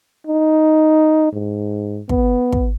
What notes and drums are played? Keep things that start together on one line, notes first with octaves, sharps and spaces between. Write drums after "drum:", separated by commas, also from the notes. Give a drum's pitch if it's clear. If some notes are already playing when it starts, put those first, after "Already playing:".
D#4
G#2
B3, drum: kick
drum: kick